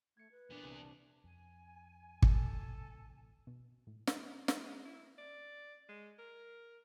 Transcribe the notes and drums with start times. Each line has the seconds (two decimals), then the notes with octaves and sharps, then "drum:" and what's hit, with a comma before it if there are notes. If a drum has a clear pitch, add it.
0.17 A3 G#6 C#7
0.31 B4
0.50 E2 A#2 B3 D4
0.63 C2
0.78 A5
1.24 F2 G#5
2.22 A2 C3 E3 A4, drum: kick
3.47 B2
3.87 A2
4.07 D#5, drum: snare
4.48 drum: snare
4.65 G#3
4.85 E4
5.19 D5
5.89 G#3
6.19 A#4